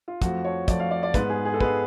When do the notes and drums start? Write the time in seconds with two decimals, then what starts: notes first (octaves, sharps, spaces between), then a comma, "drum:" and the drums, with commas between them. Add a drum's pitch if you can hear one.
0.08 F4
0.22 F2 F3 A3 F#4, drum: kick, hi-hat
0.45 C#5
0.68 F2 F3 A3 D5, drum: kick, hi-hat
0.80 F5
0.91 D5
1.03 D5
1.14 G#2 G#3 B3 B4, drum: kick, hi-hat
1.30 G#4
1.45 G#4
1.54 A4
1.61 G#3 B3 B4, drum: kick